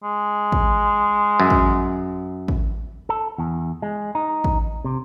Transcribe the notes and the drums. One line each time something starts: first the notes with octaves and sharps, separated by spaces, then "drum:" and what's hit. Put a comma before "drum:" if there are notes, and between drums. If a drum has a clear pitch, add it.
G#3
drum: kick
F#2
drum: kick
drum: kick
A4
E2
G#3
D#4
drum: kick
C3